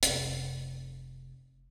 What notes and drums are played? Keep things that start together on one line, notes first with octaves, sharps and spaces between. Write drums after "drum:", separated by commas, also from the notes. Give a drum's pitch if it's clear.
F1 C3, drum: hi-hat